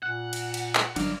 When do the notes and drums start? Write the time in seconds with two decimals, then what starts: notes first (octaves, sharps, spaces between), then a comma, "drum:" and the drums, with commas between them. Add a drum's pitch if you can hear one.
0.03 A#2 F#5 F#6
0.33 drum: cymbal
0.54 drum: cymbal
0.75 drum: clap
0.96 G1 F#3 D4 D5 F5, drum: cymbal